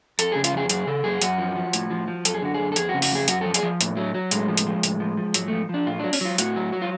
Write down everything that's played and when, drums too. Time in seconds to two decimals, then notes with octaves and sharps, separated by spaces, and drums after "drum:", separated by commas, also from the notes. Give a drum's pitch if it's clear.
0.19 F2 A4, drum: hi-hat
0.32 C#3 G#4
0.44 F4, drum: hi-hat
0.53 F2 G#4
0.69 F#2 G#4, drum: hi-hat
0.87 C#3 A4
1.04 F#2 G#4
1.22 F#2 F#4, drum: hi-hat
1.38 F3
1.56 F3
1.73 A2, drum: hi-hat
1.91 F3
2.08 F3
2.25 F#2 A4, drum: hi-hat
2.34 G#4
2.42 D3 F#4
2.54 F#2 G#4
2.72 A4
2.76 F2 G#4, drum: hi-hat
2.89 F#4
2.94 C#3
3.02 F#4, drum: open hi-hat
3.12 F2 G#4
3.28 F#2 F#4, drum: hi-hat
3.41 F3 A4
3.54 G#4, drum: hi-hat
3.63 F3
3.81 A2, drum: hi-hat
3.97 F#3
4.15 F#3
4.31 A2 G#3, drum: hi-hat
4.48 F3
4.57 drum: hi-hat
4.67 F3
4.83 A2, drum: hi-hat
5.00 F3
5.17 F3
5.34 G#2 F#3, drum: hi-hat
5.48 F3 A3
5.69 F3 D4
5.86 A2 F4
6.00 F#3 D4
6.13 C#4, drum: open hi-hat
6.21 F#3 F4
6.38 A2 F#4, drum: hi-hat
6.56 F#3
6.73 F#3
6.82 F4